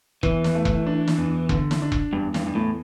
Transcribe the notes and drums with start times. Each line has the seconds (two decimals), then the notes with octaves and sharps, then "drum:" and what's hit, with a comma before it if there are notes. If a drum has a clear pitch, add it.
0.23 E2 E3, drum: kick E1
0.44 drum: snare
0.55 A3
0.65 drum: kick E1
0.87 D4
1.08 drum: snare
1.18 E2
1.49 D3, drum: kick E1
1.71 drum: snare
1.82 D4
1.92 drum: kick E1
2.12 E2 G2
2.34 G2, drum: snare
2.45 E2 G2
2.55 A2